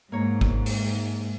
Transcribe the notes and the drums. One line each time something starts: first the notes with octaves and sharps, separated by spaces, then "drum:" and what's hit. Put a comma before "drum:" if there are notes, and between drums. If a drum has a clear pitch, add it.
G#2 A#3 C#5 A#5
drum: kick
drum: open hi-hat